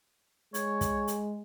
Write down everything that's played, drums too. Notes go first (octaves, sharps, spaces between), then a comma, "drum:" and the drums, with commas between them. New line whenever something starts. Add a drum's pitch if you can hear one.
G#3 C#5, drum: hi-hat
drum: kick, hi-hat
drum: hi-hat